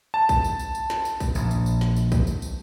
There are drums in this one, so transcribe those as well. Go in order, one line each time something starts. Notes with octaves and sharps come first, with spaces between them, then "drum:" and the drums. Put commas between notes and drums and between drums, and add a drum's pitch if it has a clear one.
A5
drum: kick, tambourine
drum: tambourine
drum: tambourine
drum: tambourine
drum: snare
drum: tambourine
drum: kick, tambourine
A#1, drum: tambourine
drum: tambourine
drum: tambourine
drum: snare
drum: tambourine
drum: kick, tambourine
drum: tambourine
drum: tambourine